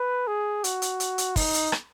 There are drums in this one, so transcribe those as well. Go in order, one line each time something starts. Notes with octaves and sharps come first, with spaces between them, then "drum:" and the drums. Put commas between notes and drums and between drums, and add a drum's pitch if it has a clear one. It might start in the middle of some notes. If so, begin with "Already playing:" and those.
Already playing: B4
G#4
F#4, drum: hi-hat
drum: hi-hat
drum: hi-hat
drum: hi-hat
D#4, drum: kick, open hi-hat
drum: hi-hat
drum: rim click